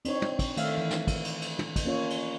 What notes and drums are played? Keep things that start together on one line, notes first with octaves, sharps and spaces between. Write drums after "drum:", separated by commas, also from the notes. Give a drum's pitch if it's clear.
C4 D4 D#4 C#5, drum: cymbal
drum: tom
drum: kick, cymbal
D#3 A3 E5 F5, drum: cymbal
E3
drum: snare
drum: kick, cymbal
drum: cymbal
drum: cymbal
drum: tom
drum: kick, cymbal
A#3 C#4 F4 C#5
drum: cymbal